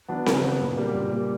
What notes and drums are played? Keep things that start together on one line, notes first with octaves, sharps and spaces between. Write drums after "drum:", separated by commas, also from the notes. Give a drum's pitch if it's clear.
F#3 B3 D4
C#3, drum: snare C4
F#3 B3 D4
A#2
G3 A#3
A#2
G3 A#3